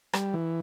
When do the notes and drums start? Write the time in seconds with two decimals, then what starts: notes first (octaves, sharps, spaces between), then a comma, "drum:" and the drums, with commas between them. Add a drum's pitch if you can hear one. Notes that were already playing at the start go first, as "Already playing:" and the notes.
0.13 G3, drum: rim click
0.34 E3